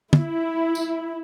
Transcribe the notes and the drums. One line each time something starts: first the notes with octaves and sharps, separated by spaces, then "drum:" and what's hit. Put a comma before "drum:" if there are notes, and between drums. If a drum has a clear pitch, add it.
E4, drum: tom
drum: tambourine